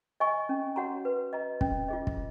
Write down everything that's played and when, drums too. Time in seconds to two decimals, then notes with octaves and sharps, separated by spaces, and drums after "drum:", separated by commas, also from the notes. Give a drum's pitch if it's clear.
0.20 D#5 G#5 C#6
0.49 C#4
0.76 F#4 C#5 F#5 A#5
1.05 B4
1.33 D#5 A#5
1.61 C#4, drum: kick
1.88 F4 G#4 D#5
2.07 drum: kick